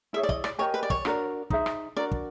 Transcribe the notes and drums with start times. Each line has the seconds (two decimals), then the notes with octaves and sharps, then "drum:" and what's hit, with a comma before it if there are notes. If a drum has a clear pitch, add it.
0.13 E4 G#4 C#5 E5
0.23 D5
0.29 D#5, drum: kick
0.44 D5, drum: rim click
0.59 G4 A#4 C#5 D#5 G#5
0.74 B4
0.83 D5
0.90 C#5, drum: kick
1.05 D4 F#4 A#4 D5, drum: rim click
1.50 D#4 G#4 C5 E5, drum: kick
1.66 drum: rim click
1.97 D4 F#4 A#4 D5
2.12 drum: kick